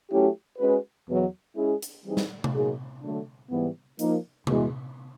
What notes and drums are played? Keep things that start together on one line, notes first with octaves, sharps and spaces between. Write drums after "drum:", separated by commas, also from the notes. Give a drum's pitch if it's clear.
F#3 A3 C#4 E4 G4
G#3 C#4 F#4 B4
E2 B2 F#3
G#3 C#4 E4 G#4
drum: hi-hat
E3 G3 C4 D#4 G#4
drum: snare
drum: tom C3
F#3 A#3 D#4 G#4
D3 F#3 A3 D4
G#2 E3 G3 B3
F3 A#3 D#4, drum: hi-hat
E2 B2 G#3, drum: tom C3